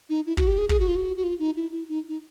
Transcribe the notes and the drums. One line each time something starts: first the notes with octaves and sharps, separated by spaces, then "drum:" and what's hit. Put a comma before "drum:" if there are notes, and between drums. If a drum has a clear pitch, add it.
D#4
E4
F#4, drum: kick
G4
G#4
G#4, drum: kick
F#4
F4
F#4
F#4
F4
D#4
E4
E4
D#4
D#4